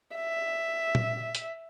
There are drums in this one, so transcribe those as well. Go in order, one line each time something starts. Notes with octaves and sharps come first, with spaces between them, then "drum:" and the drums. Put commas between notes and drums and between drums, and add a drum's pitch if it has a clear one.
E5
drum: tom A#2
drum: hi-hat